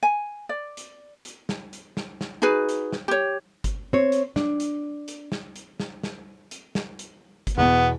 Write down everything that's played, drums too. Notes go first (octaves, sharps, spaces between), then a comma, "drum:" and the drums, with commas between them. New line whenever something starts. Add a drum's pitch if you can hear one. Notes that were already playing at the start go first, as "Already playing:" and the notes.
G#5
D5
drum: hi-hat
drum: hi-hat
drum: snare
drum: hi-hat
drum: snare
drum: snare
D#4 F#4 G#4 B4
drum: hi-hat
drum: snare
G4 C#5
drum: kick G1, hi-hat
C4 C#5
drum: hi-hat
D4, drum: snare
drum: hi-hat
drum: hi-hat
drum: snare
drum: hi-hat
drum: snare
drum: snare
drum: hi-hat
drum: snare
drum: hi-hat
drum: kick G1, hi-hat
E2 B2 B3